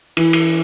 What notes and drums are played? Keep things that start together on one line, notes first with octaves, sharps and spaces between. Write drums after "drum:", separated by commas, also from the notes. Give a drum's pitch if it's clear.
E3, drum: cymbal
drum: cymbal